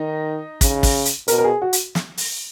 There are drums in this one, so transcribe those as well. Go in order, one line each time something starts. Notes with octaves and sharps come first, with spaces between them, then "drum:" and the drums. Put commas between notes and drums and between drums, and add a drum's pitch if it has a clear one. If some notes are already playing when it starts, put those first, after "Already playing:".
Already playing: D#3 D#4
C#3, drum: kick, hi-hat
drum: kick, open hi-hat
drum: hi-hat
B2 A#4, drum: hi-hat
A#4
G#4
F#4
drum: hi-hat
drum: snare
drum: open hi-hat